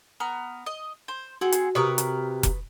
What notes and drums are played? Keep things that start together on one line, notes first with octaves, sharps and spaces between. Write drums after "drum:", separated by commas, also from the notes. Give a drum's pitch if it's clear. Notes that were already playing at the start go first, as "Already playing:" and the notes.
B3 A#5 F6
D#5
C5
C4 F#4 G#4 F#5
drum: hi-hat
C3 A#4 B4 C#6 D#6
drum: hi-hat
drum: kick F1, hi-hat